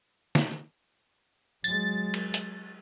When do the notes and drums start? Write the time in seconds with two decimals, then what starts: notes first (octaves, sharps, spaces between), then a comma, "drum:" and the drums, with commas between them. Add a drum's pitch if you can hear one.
0.35 drum: snare
1.64 F#3 G#3 A6, drum: tambourine
2.14 drum: cymbal
2.34 drum: hi-hat